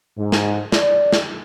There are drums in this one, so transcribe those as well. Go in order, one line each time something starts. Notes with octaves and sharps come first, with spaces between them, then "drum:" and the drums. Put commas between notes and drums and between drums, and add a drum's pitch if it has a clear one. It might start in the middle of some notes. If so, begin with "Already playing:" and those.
G#2
drum: snare
D5, drum: snare
drum: snare